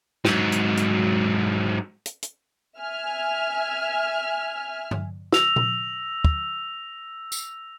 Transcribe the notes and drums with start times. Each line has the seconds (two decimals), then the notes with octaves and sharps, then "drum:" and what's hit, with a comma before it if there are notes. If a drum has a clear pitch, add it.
0.25 G#2 F#3, drum: snare
0.52 drum: hi-hat
0.77 drum: hi-hat
2.06 drum: hi-hat
2.22 drum: hi-hat
2.78 E5 G#5 F6
4.91 drum: tom G2
5.32 E6 A#6 F7, drum: snare
5.56 drum: tom A#2
6.25 drum: kick
7.32 drum: tambourine